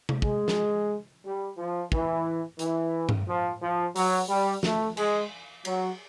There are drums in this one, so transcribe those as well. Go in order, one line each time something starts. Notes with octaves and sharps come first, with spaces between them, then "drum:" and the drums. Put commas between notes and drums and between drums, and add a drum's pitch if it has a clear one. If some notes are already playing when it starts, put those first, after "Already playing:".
drum: tom C3
G#3, drum: kick
drum: snare
G3
F3
E3, drum: kick
E3, drum: hi-hat
drum: tom G2
F3
F3
F#3, drum: open hi-hat
G3
A3, drum: snare
G#3, drum: cymbal
F#3, drum: cymbal